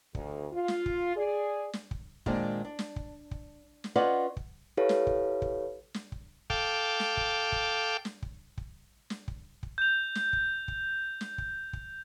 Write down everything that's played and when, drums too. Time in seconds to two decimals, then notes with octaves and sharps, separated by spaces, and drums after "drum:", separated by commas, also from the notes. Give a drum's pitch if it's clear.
0.15 D2, drum: kick
0.52 F4
0.68 drum: snare
0.86 drum: kick
1.16 G#4 D5
1.73 drum: snare
1.91 drum: kick
2.26 A#2 D#3 G#3 C4 D4, drum: kick
2.65 D4
2.79 drum: snare
2.96 drum: kick
3.31 drum: kick
3.84 drum: snare
3.96 C#4 F4 B4 D5 D#5 F#5
4.37 drum: kick
4.77 E4 G4 A4 B4 C#5 F5
4.89 drum: snare
5.07 drum: kick
5.42 drum: kick
5.94 drum: snare
6.12 drum: kick
6.50 A4 F5 G5 D6, drum: kick
7.00 drum: snare
7.17 drum: kick
7.52 drum: kick
8.05 drum: snare
8.22 drum: kick
8.58 drum: kick
9.10 drum: snare
9.28 drum: kick
9.63 drum: kick
9.78 G6 F7
10.15 drum: snare
10.33 drum: kick
10.68 drum: kick
11.21 drum: snare
11.38 drum: kick
11.73 drum: kick